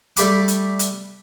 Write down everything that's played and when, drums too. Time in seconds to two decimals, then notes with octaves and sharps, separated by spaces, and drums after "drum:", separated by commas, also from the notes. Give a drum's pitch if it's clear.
0.16 G3 A3 G4 B5 D6, drum: hi-hat
0.48 drum: hi-hat
0.79 drum: hi-hat